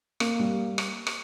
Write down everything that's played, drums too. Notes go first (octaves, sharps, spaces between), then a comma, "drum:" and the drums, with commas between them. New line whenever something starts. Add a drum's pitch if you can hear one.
A#3, drum: rim click
G3
drum: rim click
drum: rim click